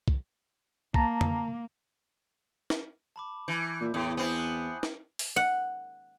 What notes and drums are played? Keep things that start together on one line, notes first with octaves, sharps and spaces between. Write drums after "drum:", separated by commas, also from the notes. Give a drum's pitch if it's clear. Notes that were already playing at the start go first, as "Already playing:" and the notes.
drum: kick
A#3 A5 A#5, drum: kick
drum: tom
drum: snare
A5 B5 D6
E3 G6
A#2
E2 A2 D#6
B3 C4 E4 G#5 D#6 G6
G#5 F#6
drum: snare
drum: open hi-hat
F#5